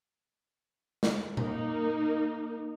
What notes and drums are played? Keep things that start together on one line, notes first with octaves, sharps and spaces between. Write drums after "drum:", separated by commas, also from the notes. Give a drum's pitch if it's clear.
drum: snare
A#3 D#4, drum: tom A#2